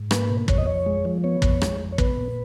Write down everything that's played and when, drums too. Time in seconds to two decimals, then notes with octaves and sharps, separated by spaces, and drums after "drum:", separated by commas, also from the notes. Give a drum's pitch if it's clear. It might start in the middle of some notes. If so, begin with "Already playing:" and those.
Already playing: G#2
0.11 A#3 B4, drum: rim click
0.30 B2
0.48 F2 C#5, drum: kick
0.58 D#5
0.66 F2 C#5
0.86 G#3
1.05 F3
1.24 B3 C#5
1.42 F2, drum: kick
1.61 G#3, drum: rim click
1.79 F2
1.92 C#5
1.98 B3 B4, drum: kick
2.17 A#2